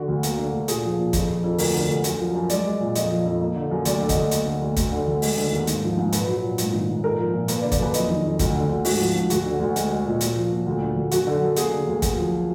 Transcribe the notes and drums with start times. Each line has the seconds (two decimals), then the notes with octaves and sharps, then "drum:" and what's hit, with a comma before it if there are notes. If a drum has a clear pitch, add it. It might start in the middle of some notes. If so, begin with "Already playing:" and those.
Already playing: D3 F#4
0.08 D2
0.23 A#3, drum: hi-hat
0.38 D3
0.54 D2
0.68 A#2 G#4, drum: hi-hat
0.83 F3
0.99 A#2
1.13 F2, drum: kick, hi-hat
1.29 F3
1.44 F2
1.58 D2 A#4, drum: open hi-hat
1.74 D3
1.89 D2
2.04 F#2, drum: hi-hat
2.19 F3
2.34 F#2
2.50 G#3 D5, drum: hi-hat
2.65 G#3
2.80 A#2
2.95 F2 D#5, drum: hi-hat
3.10 F3
3.26 F2
3.41 A#3
3.56 D3
3.71 F#2
3.85 D2 D5, drum: hi-hat
4.02 D3
4.09 D#5, drum: kick, hi-hat
4.16 D2
4.31 A#3, drum: hi-hat
4.46 D3
4.61 D2
4.77 D2, drum: kick, hi-hat
4.92 D3
5.07 D2
5.22 G#3, drum: open hi-hat
5.37 D3
5.52 D#2
5.67 G#2, drum: hi-hat
5.83 F3
5.97 G#2
6.13 A#2 B4, drum: hi-hat
6.28 F#3
6.42 A#2
6.58 G#2, drum: hi-hat
6.73 D#3
6.89 G#2
7.03 A#2 A#4
7.18 F3
7.33 A#2
7.48 A#3 B4, drum: hi-hat
7.61 D5
7.65 D3
7.72 D5, drum: kick, hi-hat
7.79 F#2 B4
7.94 F2 D#5, drum: hi-hat
8.09 D#3
8.24 F2
8.39 D2, drum: kick, hi-hat
8.55 D3
8.70 D2
8.85 G#2 F#4, drum: open hi-hat
9.00 F3
9.15 G#2
9.30 D2 F#4, drum: hi-hat
9.46 D3
9.60 D2
9.76 G#3, drum: hi-hat
9.91 G#3
10.06 A#2
10.21 A#2, drum: hi-hat
10.36 F3
10.52 A#2
10.67 D2
10.82 D3
10.96 D2
11.12 F#2 F#4, drum: hi-hat
11.27 D3
11.42 F#2
11.56 A#3 G#4, drum: hi-hat
11.73 D3
11.87 D2
12.02 F#2, drum: kick, hi-hat
12.17 F3